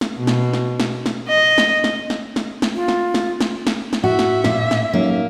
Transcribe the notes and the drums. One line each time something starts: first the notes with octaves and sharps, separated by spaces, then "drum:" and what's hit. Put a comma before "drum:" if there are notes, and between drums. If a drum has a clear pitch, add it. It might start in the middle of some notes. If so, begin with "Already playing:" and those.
drum: snare
B2
drum: snare
drum: snare
drum: snare
drum: snare
D#5
drum: snare
drum: snare
drum: snare
drum: snare
drum: snare
F4
drum: snare
drum: snare
drum: snare
drum: snare
drum: snare
A2 F#4 E5
drum: snare
A#2, drum: snare
drum: snare
F#3 A#3 C#4 D#4